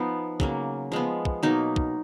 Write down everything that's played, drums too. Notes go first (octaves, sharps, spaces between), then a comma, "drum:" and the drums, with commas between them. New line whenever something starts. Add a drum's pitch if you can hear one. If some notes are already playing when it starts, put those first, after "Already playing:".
Already playing: F3 B3 D#4
C#3 F#3 A#3, drum: kick
F3 G#3 B3
drum: kick
B2 F#3 A#3 D#4
drum: kick